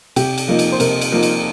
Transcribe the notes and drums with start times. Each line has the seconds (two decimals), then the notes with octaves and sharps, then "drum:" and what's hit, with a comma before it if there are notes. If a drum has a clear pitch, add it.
0.16 C3 G4, drum: cymbal
0.38 drum: cymbal
0.48 F3 A#3 D#4
0.59 drum: cymbal
0.72 C5
0.80 C3 A#4, drum: cymbal
1.01 drum: cymbal
1.12 F3 A#3 D#4
1.23 drum: cymbal